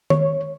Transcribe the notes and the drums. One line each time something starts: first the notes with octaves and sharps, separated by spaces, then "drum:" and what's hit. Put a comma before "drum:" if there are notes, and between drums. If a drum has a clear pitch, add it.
C#5, drum: tom D#3